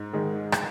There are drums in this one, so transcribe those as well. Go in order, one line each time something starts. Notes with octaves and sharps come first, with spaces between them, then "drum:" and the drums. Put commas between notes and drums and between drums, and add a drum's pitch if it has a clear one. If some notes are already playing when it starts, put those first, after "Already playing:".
Already playing: G#2
D#3 G#3
drum: rim click